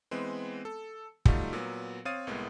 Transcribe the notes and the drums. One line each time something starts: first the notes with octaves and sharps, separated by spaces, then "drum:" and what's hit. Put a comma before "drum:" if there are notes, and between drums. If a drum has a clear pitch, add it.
E3 G#3 B3 C4
A4
F#3 G3 A3 D#4 F4 F#4, drum: kick
A#2 F#3 B3
C4 C#5 F5 D#6 A6 D#7
C2 A2 G#3 A#3 B3